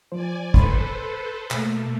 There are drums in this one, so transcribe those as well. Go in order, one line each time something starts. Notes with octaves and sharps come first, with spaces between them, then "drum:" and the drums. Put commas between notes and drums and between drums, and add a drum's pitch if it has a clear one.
F3 C5 D5 G#5
A4 B4 C5 B5 C6, drum: kick
B2 A3 A#3, drum: clap